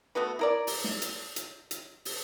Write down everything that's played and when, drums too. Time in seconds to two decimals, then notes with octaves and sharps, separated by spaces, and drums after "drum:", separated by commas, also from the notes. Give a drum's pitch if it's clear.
0.15 A3 B3 F#4 B4
0.39 E4 A#4 D5
0.67 drum: open hi-hat
0.84 drum: snare
1.02 drum: hi-hat
1.36 drum: hi-hat
1.71 drum: hi-hat
2.05 drum: open hi-hat